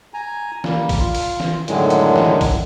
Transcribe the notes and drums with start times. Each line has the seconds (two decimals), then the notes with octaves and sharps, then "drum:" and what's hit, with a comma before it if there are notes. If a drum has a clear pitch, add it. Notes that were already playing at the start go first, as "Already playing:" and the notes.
0.14 G#5 A#5
0.64 G3 A#3, drum: snare
0.89 drum: kick, open hi-hat
0.99 F4
1.15 drum: open hi-hat
1.40 drum: snare
1.68 F#2 A2 D3 D#3 F#3 G#3, drum: hi-hat
1.90 drum: hi-hat
2.16 drum: snare
2.41 drum: kick, open hi-hat